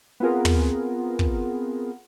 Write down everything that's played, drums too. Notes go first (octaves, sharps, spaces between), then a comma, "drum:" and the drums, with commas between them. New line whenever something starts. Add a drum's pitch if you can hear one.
B3 C4 F4 G#4 A#4
drum: tom
drum: kick